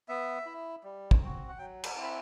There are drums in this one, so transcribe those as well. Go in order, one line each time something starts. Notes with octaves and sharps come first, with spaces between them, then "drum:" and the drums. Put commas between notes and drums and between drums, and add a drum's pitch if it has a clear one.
B3 E5
E4
G3
drum: kick
C4 F#4
F#5
F#3 G5
B5, drum: cymbal
C4 E4
B5